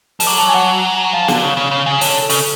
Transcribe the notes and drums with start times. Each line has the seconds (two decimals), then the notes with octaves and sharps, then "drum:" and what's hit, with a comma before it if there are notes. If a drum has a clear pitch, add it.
0.20 F3, drum: open hi-hat
0.27 F#3 D6
0.38 A5
0.49 G#5
0.54 F#5
0.60 G#5
1.13 F3 F5
1.28 D3, drum: snare
1.43 C#3
1.57 C#3
1.71 C#3
1.86 C#3
2.01 D3 C#5, drum: open hi-hat
2.22 A4
2.30 C#3, drum: open hi-hat